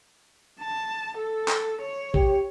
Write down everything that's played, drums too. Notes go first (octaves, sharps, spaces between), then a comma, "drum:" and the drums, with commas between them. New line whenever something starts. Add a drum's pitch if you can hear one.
A5
A4
drum: clap
C#5
G4, drum: kick A#1